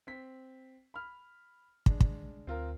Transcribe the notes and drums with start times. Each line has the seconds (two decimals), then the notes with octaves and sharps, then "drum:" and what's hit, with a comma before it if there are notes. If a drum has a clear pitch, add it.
0.07 C4 B6
0.94 B5 F6
1.86 G#3 D4, drum: kick
2.00 drum: kick
2.47 D2 C4 F4 A#4